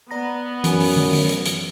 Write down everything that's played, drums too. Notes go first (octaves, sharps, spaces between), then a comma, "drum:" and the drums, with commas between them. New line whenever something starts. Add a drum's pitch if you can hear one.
B3 D5 A#5 A#6
F#2 E3 G#5, drum: hi-hat
drum: open hi-hat
drum: tom D3
drum: open hi-hat
drum: hi-hat
drum: hi-hat